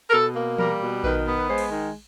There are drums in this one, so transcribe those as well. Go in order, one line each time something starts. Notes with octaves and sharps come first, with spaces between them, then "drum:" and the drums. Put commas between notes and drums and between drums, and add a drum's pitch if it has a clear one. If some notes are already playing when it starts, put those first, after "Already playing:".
A#4
B2 A4
A#3
G3 A#4, drum: tom E3
B2
D#3 B4, drum: kick A#1
B3
B4
G#3 C5
drum: cymbal
D#3